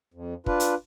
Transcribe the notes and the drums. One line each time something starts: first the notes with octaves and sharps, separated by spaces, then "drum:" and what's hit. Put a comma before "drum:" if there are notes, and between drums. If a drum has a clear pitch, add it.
F2
D4 F4 B4, drum: kick
drum: hi-hat